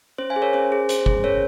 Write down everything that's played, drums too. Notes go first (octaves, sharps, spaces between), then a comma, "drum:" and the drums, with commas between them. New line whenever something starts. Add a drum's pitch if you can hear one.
C#4 C5
F5 G#5
G#4
A#4 C#5
C#4 C5
G#4
C#4 C5, drum: hi-hat
G#4 C5, drum: kick
C#4 A#4 C#5